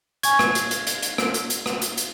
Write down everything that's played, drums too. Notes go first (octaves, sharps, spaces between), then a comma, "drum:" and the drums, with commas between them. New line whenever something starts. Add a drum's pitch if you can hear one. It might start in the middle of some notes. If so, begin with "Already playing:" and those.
G#5 C#6 G#6, drum: hi-hat
drum: rim click
drum: hi-hat
drum: hi-hat
drum: hi-hat
drum: hi-hat
drum: rim click
drum: hi-hat
drum: hi-hat
drum: rim click
drum: hi-hat
drum: hi-hat